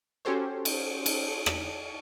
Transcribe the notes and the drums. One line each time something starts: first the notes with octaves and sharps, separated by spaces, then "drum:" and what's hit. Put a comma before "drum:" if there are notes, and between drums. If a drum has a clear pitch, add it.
C#4 F#4 G4 A4 C5 C#5
drum: cymbal
drum: cymbal
drum: rim click